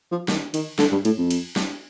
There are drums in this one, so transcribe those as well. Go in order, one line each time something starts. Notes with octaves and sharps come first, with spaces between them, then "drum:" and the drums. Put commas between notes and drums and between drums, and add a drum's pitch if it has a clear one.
F3
D#3, drum: snare
D#3, drum: cymbal
D3, drum: snare
G2
A2, drum: cymbal
F2
drum: cymbal
drum: snare